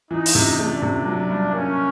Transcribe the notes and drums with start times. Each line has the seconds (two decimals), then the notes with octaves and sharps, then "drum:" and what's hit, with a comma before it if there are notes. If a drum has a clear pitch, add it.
0.11 E3 D#4
0.26 drum: open hi-hat
0.35 C3
0.58 A3 D4
0.82 C3
1.06 F#3
1.30 G2
1.53 A#3 C#4